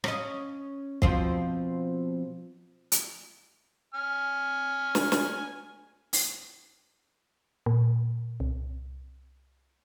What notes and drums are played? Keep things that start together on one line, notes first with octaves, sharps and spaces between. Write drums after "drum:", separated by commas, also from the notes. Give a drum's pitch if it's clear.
C#4 D#5, drum: rim click
B2 F3 C4, drum: kick
drum: hi-hat
G#5 F6
drum: snare
drum: snare
drum: open hi-hat
A#2
C2